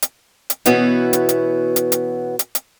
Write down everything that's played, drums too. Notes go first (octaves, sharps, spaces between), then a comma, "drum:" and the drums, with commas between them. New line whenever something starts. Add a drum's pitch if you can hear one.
drum: hi-hat
drum: hi-hat
B2 E3 B3 C#4 E4 F#4, drum: hi-hat
drum: hi-hat
drum: hi-hat
drum: hi-hat
drum: hi-hat
drum: hi-hat
drum: hi-hat